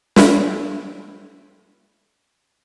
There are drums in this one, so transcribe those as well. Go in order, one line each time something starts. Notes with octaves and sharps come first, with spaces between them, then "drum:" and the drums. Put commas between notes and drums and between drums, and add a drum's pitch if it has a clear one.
D4 E5 B5 E6 B6 D7, drum: snare